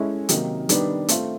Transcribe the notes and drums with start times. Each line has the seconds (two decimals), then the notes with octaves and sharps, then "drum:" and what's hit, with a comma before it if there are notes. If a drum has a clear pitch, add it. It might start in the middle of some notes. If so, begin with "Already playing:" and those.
Already playing: G#3 C#4 E4 A4 C#5
0.29 C3 D#3 F#3 A#3 D#4, drum: hi-hat
0.69 D#3 G3 B3 D4, drum: hi-hat
1.08 A3 C4 F4, drum: hi-hat